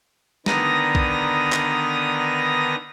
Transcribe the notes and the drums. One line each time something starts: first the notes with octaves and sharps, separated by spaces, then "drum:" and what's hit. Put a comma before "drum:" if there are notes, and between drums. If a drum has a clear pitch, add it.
D3 D#3 B3 A#5 D#6 A#6, drum: snare
drum: kick A#1
drum: clap